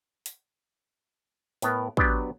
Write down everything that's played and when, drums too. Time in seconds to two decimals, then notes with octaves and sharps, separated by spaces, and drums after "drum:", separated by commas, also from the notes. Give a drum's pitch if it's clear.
0.26 drum: hi-hat
1.62 A2 B3 A#4, drum: hi-hat
1.97 F#3 B3 D4 G4, drum: kick